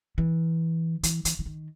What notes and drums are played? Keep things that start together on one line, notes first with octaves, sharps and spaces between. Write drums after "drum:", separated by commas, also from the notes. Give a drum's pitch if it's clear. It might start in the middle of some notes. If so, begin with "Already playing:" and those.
E3
E3, drum: hi-hat
E3, drum: hi-hat
E3
D#3